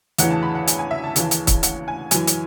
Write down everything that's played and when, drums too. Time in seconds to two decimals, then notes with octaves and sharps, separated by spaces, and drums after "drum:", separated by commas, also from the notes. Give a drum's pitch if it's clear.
0.18 E2 C#3 E3 F#5, drum: hi-hat
0.30 A5
0.43 B5
0.55 F#5
0.68 G#5, drum: hi-hat
0.79 G#5
0.91 E5
1.04 A5
1.16 D#2 C#3 E3, drum: hi-hat
1.31 drum: hi-hat
1.47 drum: kick, hi-hat
1.63 F#5, drum: hi-hat
1.88 G#5
2.11 F#2 E3 G#5, drum: hi-hat
2.27 drum: hi-hat